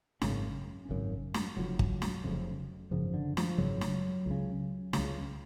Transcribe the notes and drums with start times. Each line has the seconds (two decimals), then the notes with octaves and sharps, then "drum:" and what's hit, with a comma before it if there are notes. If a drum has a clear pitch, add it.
0.21 G#1 F#2 C#3 C#4, drum: snare
0.89 G#1 F#2 C#3
1.34 drum: snare
1.57 F1 F2 C#3 F#3
1.79 drum: kick
2.02 drum: snare
2.24 F1 F2 C#3
2.91 G#1 F#2 C#3 F3
3.14 D3
3.37 F3, drum: snare
3.58 G#1 F#2 C#3 F#3
3.81 drum: snare
4.26 C#2 C#3
4.93 C#2 C#3, drum: snare